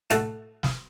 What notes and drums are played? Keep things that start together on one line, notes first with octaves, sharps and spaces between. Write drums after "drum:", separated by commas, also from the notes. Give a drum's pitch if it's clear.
A2 A3 F#4 A4, drum: hi-hat
drum: snare